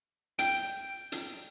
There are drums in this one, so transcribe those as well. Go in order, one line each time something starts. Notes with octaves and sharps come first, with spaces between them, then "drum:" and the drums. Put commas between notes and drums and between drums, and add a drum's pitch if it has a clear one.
G5, drum: hi-hat
drum: hi-hat